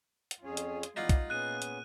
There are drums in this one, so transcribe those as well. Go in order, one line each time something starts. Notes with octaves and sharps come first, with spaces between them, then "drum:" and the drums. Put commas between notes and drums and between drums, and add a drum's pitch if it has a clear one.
drum: hi-hat
F2 C#4 F4 G#4 C#5
drum: hi-hat
drum: hi-hat
E3 G3 B3 D#4 F4 D5 F#5
drum: kick B1, hi-hat
A#2 B3 C#4 G#4 F#6 D#7
drum: hi-hat